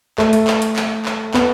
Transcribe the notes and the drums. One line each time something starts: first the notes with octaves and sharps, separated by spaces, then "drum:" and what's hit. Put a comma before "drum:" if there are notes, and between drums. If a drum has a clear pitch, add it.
A3, drum: clap
drum: hi-hat
drum: clap
drum: hi-hat
drum: clap
drum: clap
B3, drum: clap